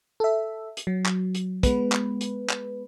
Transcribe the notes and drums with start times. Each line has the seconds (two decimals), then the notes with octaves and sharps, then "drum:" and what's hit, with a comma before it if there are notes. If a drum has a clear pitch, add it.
0.20 A4 E5
0.77 drum: hi-hat
0.87 F#3
1.06 drum: clap
1.35 drum: hi-hat
1.63 G#3 B3 B4, drum: kick, hi-hat
1.92 drum: clap
2.21 drum: hi-hat
2.50 drum: clap